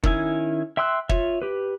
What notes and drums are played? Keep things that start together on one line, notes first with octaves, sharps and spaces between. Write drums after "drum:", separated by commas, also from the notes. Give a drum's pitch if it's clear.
D#3 C#4 E4 G#5, drum: kick
E5 G5 C6 E6 F#6
F4 C#5 E5, drum: kick
G4 B4